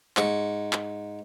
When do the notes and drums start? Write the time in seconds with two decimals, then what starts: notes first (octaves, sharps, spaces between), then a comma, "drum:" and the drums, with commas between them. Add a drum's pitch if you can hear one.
0.17 G#2 C#6, drum: clap
0.73 drum: clap